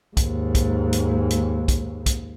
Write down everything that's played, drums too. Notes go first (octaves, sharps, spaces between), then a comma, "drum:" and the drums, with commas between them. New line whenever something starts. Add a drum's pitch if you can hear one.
D#2 G#2, drum: kick, hi-hat
drum: kick, hi-hat
drum: hi-hat
drum: hi-hat
drum: kick, hi-hat
drum: kick, hi-hat